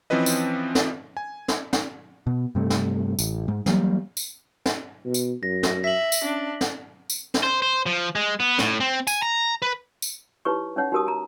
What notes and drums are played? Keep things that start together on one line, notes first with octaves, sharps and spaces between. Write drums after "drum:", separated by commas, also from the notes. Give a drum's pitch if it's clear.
E3 F3 C4 C#4 B4 D#5
drum: tambourine
drum: snare
G#5
drum: snare
drum: snare
B2
G2 C3 A3
drum: snare
A1, drum: tambourine
G#2
E3 F#3 G3 A#3, drum: snare
drum: tambourine
drum: snare
B2
drum: tambourine
F#2 A#6
drum: snare
E5 B6 F#7
drum: tambourine
C#4 D4
drum: snare
drum: tambourine
drum: snare
C5
C5
F3
G#3
B3
A2, drum: snare
C4
G#5, drum: tambourine
A#5
B4
drum: tambourine
D#4 E4 G4 B4 C#5 C#6
C#4 D#4 C#5 F#5
D#4 F#4 G4 A#4 A5 D#6
A5 A#5